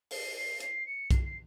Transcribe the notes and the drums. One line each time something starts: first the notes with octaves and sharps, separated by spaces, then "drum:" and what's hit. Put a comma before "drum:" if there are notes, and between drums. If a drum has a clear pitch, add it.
C7, drum: open hi-hat
C7
C7, drum: hi-hat
C#7
C7, drum: kick B1, hi-hat
C7